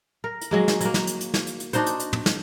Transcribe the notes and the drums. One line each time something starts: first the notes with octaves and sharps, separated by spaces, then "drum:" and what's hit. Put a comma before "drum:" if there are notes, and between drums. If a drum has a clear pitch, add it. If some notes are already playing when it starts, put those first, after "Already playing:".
A#4
drum: hi-hat
F#3 G#3 A#3
drum: snare
F#3 A#3, drum: hi-hat
drum: snare
drum: hi-hat
drum: hi-hat
drum: snare
drum: hi-hat
drum: hi-hat
D4 D#4 F#4 C5, drum: hi-hat
drum: hi-hat
drum: hi-hat
drum: tom
drum: snare